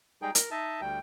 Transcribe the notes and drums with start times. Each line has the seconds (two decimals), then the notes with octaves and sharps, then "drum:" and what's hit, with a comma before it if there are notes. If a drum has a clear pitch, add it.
0.22 G3 G#3 D#4 G#4 G5
0.35 A#4, drum: hi-hat
0.51 D#4 D#5 E5 A5
0.81 D2 G3 G5